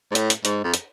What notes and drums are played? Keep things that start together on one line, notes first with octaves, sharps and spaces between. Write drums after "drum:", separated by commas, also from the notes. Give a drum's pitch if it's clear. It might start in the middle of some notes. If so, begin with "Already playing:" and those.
G#2
A2, drum: hi-hat
drum: hi-hat
G#2, drum: hi-hat
F2
drum: hi-hat